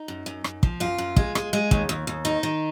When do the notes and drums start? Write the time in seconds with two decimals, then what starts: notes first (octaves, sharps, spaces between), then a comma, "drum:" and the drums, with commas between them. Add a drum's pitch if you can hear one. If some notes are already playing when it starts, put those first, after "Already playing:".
Already playing: D#4
0.08 F#2
0.26 F#2
0.44 F#2, drum: rim click
0.63 F3, drum: kick
0.80 F#2 F4
0.98 F#2
1.16 G#3, drum: kick
1.35 G#3, drum: rim click
1.53 G#3
1.71 D#2, drum: kick
1.89 D#2
2.07 D#2
2.25 D#3 D#4
2.43 D#3